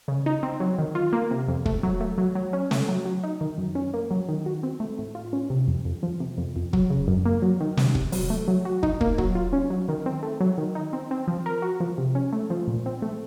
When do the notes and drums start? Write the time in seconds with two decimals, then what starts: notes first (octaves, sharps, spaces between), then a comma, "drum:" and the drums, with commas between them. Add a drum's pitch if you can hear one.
0.08 C#3
0.26 D#4
0.43 C4
0.60 F#3
0.79 D#3
0.95 F4
1.13 A#3
1.31 C3
1.48 F2
1.66 A3, drum: kick
1.83 F#3
2.00 A3
2.18 F#3
2.35 F#3
2.53 C#4
2.71 A3, drum: snare
2.89 F#3
3.06 F#3
3.24 D#4
3.41 D#3
3.58 F#2
3.75 C#4
3.94 A#3
4.11 F#3
4.29 D#3
4.46 F#4
4.63 C4
4.80 A3
4.99 A2
5.15 F4
5.33 C#4
5.50 C3
5.68 F2
5.85 F2
6.03 F3
6.20 C3
6.38 F2
6.56 F2
6.73 F#3, drum: kick
6.90 C#3
7.08 F#2
7.25 A#3
7.42 F#3
7.61 D#3
7.77 C3, drum: snare
7.95 C3, drum: kick
8.12 F#3, drum: open hi-hat
8.30 A3
8.48 F#3
8.65 F#4
8.83 D#4, drum: kick
9.01 A#3, drum: kick
9.18 F#3, drum: kick
9.35 F4
9.53 C#4
9.70 F#3
9.88 D#3
10.06 C4
10.23 A3
10.41 F#3
10.58 D#3
10.75 D#4
10.93 C4
11.11 C4
11.28 F3
11.46 A#4
11.62 F#4
11.80 F3
11.98 C3
12.15 C#4
12.33 A3
12.50 F3
12.68 A#2
12.86 C4
13.02 A3